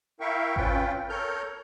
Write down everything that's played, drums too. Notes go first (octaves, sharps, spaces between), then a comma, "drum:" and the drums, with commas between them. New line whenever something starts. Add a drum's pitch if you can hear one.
E4 A#4 E5 F5 G5 C#6
C4 C#4 F4 B4 G5, drum: kick G#1
A4 A#4 C#5 F6 G6